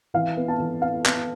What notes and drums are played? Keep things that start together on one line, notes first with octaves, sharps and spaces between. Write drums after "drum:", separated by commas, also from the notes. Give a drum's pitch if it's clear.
E3 F5
B3
A5
E3
B3 F5
B3, drum: clap